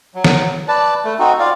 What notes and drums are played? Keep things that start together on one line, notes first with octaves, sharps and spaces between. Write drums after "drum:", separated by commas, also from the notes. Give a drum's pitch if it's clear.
F#3
drum: snare
B4 D5 A5
A3
C4 D#4 F#4
F4 D5 F5